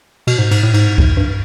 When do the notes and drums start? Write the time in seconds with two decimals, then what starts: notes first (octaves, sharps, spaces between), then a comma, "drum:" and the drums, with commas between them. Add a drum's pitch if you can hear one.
0.27 B2, drum: cymbal
0.38 G#2
0.51 G#2, drum: cymbal
0.63 A2
0.74 G#2, drum: cymbal
0.98 drum: kick C2
1.17 G2